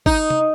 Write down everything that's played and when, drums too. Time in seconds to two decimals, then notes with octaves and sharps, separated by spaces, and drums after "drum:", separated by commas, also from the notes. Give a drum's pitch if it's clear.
0.06 D#4, drum: kick G#1
0.30 drum: tom C3